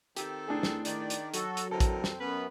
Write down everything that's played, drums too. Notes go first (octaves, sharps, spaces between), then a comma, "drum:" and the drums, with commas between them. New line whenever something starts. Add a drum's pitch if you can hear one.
D#3 C4 G4 A4, drum: hi-hat
A2 D4 G#4
drum: snare
D#3 D5, drum: hi-hat
drum: hi-hat
F#3 F#4 A4, drum: hi-hat
drum: hi-hat
D3 E3 C4 A4 A#4
drum: kick, hi-hat
drum: snare
F#2 B3 C#4 B4